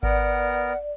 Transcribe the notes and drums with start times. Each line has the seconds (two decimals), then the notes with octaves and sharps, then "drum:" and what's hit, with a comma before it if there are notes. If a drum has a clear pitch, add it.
0.03 B3 A#4 D5 F#5, drum: kick G#1